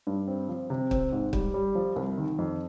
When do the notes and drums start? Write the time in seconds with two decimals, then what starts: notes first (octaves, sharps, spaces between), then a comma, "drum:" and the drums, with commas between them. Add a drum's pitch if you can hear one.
0.07 G2
0.28 C4
0.49 F3
0.70 C3
0.91 C4, drum: kick
1.12 G#2
1.33 G3, drum: kick
1.54 G3
1.75 F3
1.96 C2
2.17 D#3
2.38 F2